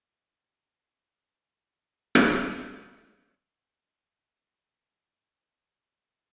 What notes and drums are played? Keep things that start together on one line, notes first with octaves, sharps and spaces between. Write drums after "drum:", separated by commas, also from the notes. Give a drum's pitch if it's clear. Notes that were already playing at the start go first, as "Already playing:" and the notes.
F1
G4
C#7
drum: rim click
F4
B3
E5
C5
E3
C#4
C5
G#3
C6